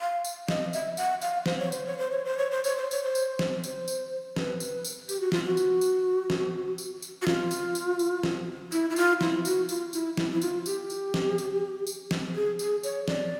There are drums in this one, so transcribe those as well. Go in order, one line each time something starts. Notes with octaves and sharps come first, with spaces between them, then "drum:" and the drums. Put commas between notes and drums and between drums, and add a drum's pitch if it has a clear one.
F5
drum: tambourine
D#5, drum: snare
E5, drum: tambourine
F#5, drum: tambourine
F5, drum: tambourine
C5, drum: snare
C#5
C5, drum: tambourine
C#5
C5
C#5
C5
C#5
C5
C#5, drum: tambourine
C5
C#5, drum: tambourine
C5
drum: tambourine
drum: snare
C5, drum: tambourine
drum: tambourine
B4, drum: snare
drum: tambourine
drum: tambourine
G4, drum: tambourine
F#4
F4, drum: snare
F#4
drum: tambourine
drum: tambourine
drum: snare
drum: tambourine
drum: tambourine
F#4
F4, drum: snare
drum: tambourine
drum: tambourine
drum: tambourine
drum: snare
E4, drum: tambourine
E4
F4, drum: tambourine
E4, drum: snare
F#4, drum: tambourine
F4, drum: tambourine
E4, drum: tambourine
E4, drum: snare
E4
F4, drum: tambourine
G4, drum: tambourine
drum: tambourine
drum: snare
drum: tambourine
drum: tambourine
drum: snare
G#4
G#4, drum: tambourine
C#5, drum: tambourine
D5, drum: snare